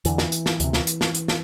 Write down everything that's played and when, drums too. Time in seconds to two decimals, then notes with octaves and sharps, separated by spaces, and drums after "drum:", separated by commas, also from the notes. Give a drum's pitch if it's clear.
0.05 E2 D3 E3, drum: hi-hat
0.18 drum: snare
0.32 drum: hi-hat
0.46 drum: snare
0.60 D2 C3, drum: hi-hat
0.73 drum: snare
0.87 drum: hi-hat
1.01 drum: snare
1.15 drum: hi-hat
1.28 drum: snare